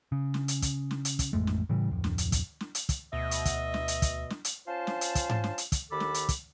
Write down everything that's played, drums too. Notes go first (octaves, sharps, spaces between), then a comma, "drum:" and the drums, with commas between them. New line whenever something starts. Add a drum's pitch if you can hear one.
C#3
drum: snare
drum: hi-hat
drum: kick, hi-hat
drum: snare
drum: hi-hat
drum: kick, hi-hat
A1 F2 G#3 A3
drum: snare
A2 C#3 E3 G3
D1 F2
drum: snare
drum: hi-hat
drum: kick, hi-hat
drum: snare
drum: hi-hat
drum: kick, hi-hat
D2 B2 D#5 E5
drum: hi-hat
drum: kick, hi-hat
drum: snare
drum: hi-hat
drum: kick, hi-hat
drum: snare
drum: hi-hat
C#4 F4 C5 F5 A5
drum: snare
drum: hi-hat
drum: kick, hi-hat
drum: tom G#2
drum: snare
drum: hi-hat
drum: kick, hi-hat
D#2 D#3 A4 B5 D6
drum: snare
drum: hi-hat
drum: kick, hi-hat